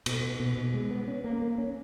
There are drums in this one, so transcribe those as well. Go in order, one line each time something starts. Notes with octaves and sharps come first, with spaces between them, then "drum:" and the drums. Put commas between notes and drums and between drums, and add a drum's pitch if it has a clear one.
B2, drum: cymbal
B3
B2
B2
G#3
B3
C#4
A#3
A#3
C#4